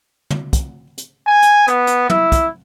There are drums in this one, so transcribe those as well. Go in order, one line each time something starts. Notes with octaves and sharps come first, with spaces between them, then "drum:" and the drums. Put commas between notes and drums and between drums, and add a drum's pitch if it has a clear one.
drum: tom
drum: kick, hi-hat
drum: hi-hat
G#5
drum: hi-hat
B3, drum: hi-hat
drum: hi-hat
E4, drum: tom
drum: kick, hi-hat